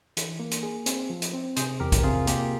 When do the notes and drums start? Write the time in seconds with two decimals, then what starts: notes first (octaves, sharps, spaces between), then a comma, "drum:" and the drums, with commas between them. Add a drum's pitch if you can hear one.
0.17 E3, drum: hi-hat
0.40 A#3
0.51 drum: hi-hat
0.63 G#4
0.86 C4, drum: hi-hat
1.10 F3
1.22 drum: hi-hat
1.34 C4
1.56 C3 G#4 C5, drum: hi-hat
1.80 E2 G4 A#4
1.92 drum: kick B1, hi-hat
2.04 C3 F4 G#4
2.27 A#3 G4, drum: hi-hat